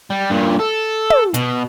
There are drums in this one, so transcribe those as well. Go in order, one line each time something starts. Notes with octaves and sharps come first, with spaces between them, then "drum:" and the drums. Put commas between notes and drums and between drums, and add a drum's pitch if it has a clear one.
G3
G2 A#2
A4
drum: tom
B2, drum: hi-hat